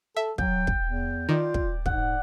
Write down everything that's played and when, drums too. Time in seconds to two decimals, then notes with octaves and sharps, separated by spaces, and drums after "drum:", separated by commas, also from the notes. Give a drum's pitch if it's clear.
0.16 A4 E5
0.38 F#3 G5, drum: kick
0.67 drum: kick
0.86 E2
1.29 D#3 F4 D5
1.54 drum: kick
1.86 G#2 F#5, drum: kick